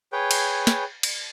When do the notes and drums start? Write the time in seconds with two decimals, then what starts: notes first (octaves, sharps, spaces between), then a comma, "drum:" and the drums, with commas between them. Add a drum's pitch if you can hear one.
0.13 G#4 B4 C#5 G5
0.31 drum: cymbal
0.67 drum: snare
1.03 drum: cymbal